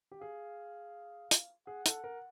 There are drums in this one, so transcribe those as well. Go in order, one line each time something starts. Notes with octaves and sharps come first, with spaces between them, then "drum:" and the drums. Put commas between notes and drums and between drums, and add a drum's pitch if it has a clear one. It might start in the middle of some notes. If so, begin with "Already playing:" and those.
G4
G#4 F5
drum: hi-hat
G#4 F#5
A4, drum: hi-hat
A#4